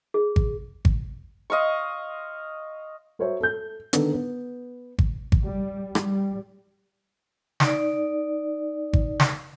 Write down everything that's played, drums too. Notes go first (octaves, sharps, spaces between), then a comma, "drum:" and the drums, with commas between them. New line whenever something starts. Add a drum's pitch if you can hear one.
G#4
drum: kick G#1
drum: kick G#1
D#5 F5 C6 C#6
F#4 A#4 C5 C#5 E5
A4 G6
D3 D#3 B3 D4 D#4 A4, drum: hi-hat
B3
drum: kick G#1
drum: kick G#1
G3
G3, drum: rim click
D#4 D5, drum: snare
drum: kick G#1
drum: snare